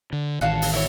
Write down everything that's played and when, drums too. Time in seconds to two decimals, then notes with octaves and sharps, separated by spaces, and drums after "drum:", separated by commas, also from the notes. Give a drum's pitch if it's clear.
0.13 D3
0.41 A1 D#3 F#4 F5 A5
0.62 drum: open hi-hat
0.73 E4 F#4 C#5